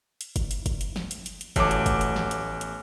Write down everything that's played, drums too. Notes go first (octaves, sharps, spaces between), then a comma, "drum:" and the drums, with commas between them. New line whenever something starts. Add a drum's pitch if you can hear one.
drum: hi-hat
drum: kick, hi-hat
drum: hi-hat
drum: kick, hi-hat
drum: hi-hat
drum: snare
drum: hi-hat
drum: hi-hat
drum: hi-hat
A1 F#3 A3 B3 D6, drum: kick, hi-hat
drum: hi-hat
drum: kick, hi-hat
drum: hi-hat
drum: snare
drum: hi-hat
drum: hi-hat